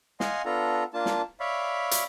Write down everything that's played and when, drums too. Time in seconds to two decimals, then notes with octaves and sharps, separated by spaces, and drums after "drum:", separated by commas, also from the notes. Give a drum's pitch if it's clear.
0.20 D#5 F5 F#5 G#5 C6, drum: snare
0.45 B3 D4 F4 A4 A#5
0.94 A#3 D4 F4 A5
1.06 drum: snare
1.40 C#5 D5 E5 F5 B5
1.91 drum: hi-hat